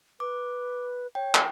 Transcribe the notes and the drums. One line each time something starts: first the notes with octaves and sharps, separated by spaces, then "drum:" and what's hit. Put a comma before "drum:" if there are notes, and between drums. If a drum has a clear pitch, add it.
B4 D6
C#5 G5
drum: clap